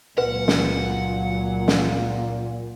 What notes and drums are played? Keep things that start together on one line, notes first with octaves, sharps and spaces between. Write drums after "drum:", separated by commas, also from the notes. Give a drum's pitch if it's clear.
C#2 A#2 F#3 B4 F#5
drum: snare
drum: snare